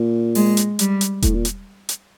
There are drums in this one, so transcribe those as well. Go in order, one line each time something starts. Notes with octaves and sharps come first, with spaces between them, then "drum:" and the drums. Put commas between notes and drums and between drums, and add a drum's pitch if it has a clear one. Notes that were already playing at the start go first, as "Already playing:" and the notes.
Already playing: A#2
G#3, drum: open hi-hat
drum: hi-hat
G3, drum: hi-hat
drum: hi-hat
A2, drum: kick E1, hi-hat
A#2
drum: hi-hat
drum: hi-hat